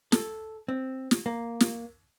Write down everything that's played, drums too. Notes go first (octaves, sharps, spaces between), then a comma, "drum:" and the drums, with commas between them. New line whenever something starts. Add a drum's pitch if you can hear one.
A4, drum: snare
C4
drum: snare
A#3
drum: snare